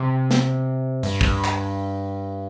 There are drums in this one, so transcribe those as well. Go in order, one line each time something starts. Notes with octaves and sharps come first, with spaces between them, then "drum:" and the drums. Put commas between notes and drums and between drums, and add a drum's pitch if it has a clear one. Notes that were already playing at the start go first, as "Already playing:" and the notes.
Already playing: C3
drum: snare
G2, drum: open hi-hat
drum: kick
drum: clap